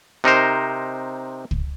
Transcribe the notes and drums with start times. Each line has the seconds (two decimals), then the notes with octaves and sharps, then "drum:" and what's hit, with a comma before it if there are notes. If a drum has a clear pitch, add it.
0.24 C3 D#4 A#4 C5
1.51 drum: kick